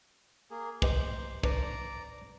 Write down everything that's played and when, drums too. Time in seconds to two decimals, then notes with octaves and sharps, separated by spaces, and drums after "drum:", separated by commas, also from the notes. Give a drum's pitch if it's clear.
0.51 A#3 G#4
0.82 G4 B4 C5 D#5, drum: kick
1.44 D4 B4 D5 A#5, drum: kick